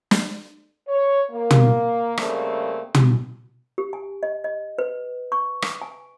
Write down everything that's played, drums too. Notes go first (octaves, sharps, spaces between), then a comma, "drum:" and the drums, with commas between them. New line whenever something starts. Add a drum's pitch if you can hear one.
drum: snare
C#5
A#3
drum: tom
C#3 G3 A3 A#3 C4, drum: rim click
drum: tom
G4
G#5
D#5
D#5
B4
C#6
drum: rim click
G#5